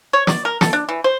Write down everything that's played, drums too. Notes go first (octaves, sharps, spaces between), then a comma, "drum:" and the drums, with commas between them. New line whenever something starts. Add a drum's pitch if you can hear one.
C#5
D5, drum: snare
A#4
A4, drum: snare
D4
E3
C5